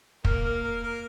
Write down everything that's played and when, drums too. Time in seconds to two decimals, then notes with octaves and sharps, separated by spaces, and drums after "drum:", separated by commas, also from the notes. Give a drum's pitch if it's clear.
0.25 A#3 A#4, drum: kick
0.44 A#4
0.63 A#4
0.83 A#4